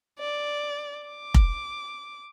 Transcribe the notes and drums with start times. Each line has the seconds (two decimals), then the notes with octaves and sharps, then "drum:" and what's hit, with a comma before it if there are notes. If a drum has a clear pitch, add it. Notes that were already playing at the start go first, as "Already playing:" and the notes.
0.19 D5
1.08 D6
1.34 drum: kick F1